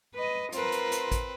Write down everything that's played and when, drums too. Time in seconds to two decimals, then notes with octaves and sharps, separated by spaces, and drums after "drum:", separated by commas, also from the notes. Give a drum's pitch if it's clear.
0.14 B4 D#5
0.52 C4 F4 A#4 B4, drum: hi-hat
0.72 drum: hi-hat
0.92 drum: hi-hat
1.12 drum: kick A1, hi-hat